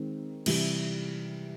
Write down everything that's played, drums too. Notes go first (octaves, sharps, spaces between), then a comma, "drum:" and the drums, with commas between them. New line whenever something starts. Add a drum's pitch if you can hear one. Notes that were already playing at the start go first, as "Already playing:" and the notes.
Already playing: D#3 G#3 C4
C3 E3 G3, drum: cymbal